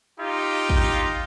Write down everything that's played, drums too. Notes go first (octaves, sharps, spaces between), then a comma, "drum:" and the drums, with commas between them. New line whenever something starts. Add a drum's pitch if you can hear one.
D#4 F4 G4
drum: kick